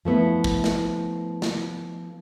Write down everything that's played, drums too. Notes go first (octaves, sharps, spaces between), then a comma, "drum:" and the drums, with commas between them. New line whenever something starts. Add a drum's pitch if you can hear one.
F3 A3 B3 E4
drum: kick
drum: snare
drum: snare